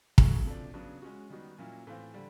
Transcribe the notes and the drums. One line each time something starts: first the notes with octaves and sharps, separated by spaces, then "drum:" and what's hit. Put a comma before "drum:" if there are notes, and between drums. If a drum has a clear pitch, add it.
C#3 F#3 A3 C#4, drum: kick
C3 F3 A3 D4
C#3 F#3 B3 D4
G#3 C#4 F#4
D#3 G3 B3 D#4 F#4
A#2 F#3 A#3 C#4 E4
A2 E3 A3 C4 F4
D3 G3